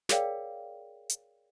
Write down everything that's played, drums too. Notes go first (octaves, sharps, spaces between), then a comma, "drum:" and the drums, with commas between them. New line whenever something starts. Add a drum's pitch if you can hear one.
G#4 A#4 C#5 D5 F5 G5, drum: snare
drum: hi-hat